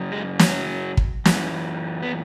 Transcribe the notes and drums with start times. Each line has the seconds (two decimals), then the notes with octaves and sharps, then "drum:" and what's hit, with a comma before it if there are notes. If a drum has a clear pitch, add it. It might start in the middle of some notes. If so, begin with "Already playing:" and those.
Already playing: F#2 C#3 F#3
0.12 G#3
0.39 F#3, drum: snare
0.97 drum: kick
1.25 F#2 E3, drum: snare
2.03 B3